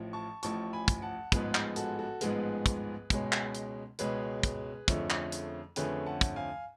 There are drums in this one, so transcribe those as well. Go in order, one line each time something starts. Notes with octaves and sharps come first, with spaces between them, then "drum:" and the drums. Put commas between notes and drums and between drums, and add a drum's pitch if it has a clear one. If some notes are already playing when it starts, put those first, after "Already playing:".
Already playing: A1 A2 F3
A5 C#6
A1 A2 F3 A5 C#6, drum: hi-hat
G#5 B5
drum: kick, hi-hat
F#5 A5
A1 G#2 F3 G#3 B3 G#4 B4, drum: kick, hi-hat
drum: clap
F#4 A4, drum: hi-hat
F#4 A4
A1 G#2 F3 G#3 B3 G#4 B4, drum: hi-hat
drum: kick, hi-hat
C#2 B2 G#3 C#4, drum: kick, hi-hat
drum: clap
drum: hi-hat
C#2 B2 G#3 C#4 G#4 B4, drum: hi-hat
drum: kick, hi-hat
F2 D3 F3 A3 C#4, drum: kick, hi-hat
drum: clap
drum: hi-hat
F2 D3 F3 A3 C#4 G#4 B4, drum: hi-hat
F#5 A5
drum: kick, hi-hat
F5 G#5